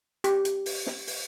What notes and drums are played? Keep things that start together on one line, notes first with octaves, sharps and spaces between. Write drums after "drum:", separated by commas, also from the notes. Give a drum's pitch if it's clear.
G4, drum: hi-hat
drum: hi-hat
drum: open hi-hat
drum: snare
drum: open hi-hat